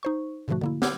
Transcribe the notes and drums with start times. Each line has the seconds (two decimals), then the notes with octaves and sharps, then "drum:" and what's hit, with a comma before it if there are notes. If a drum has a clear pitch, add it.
0.03 D#4 C5 C#6
0.48 G#2 B2 D3 F3 A3 F#4
0.61 D3 A#3 E4
0.82 D6 E6 F6 G6 G#6, drum: snare